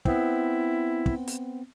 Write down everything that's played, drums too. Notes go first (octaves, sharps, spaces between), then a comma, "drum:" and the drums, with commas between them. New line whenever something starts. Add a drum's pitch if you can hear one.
B3 C4 E4, drum: kick
drum: kick
drum: hi-hat